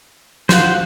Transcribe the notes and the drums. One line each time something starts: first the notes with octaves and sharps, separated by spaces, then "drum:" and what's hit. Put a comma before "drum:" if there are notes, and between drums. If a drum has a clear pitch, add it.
A#3 F4 C5 F#5, drum: snare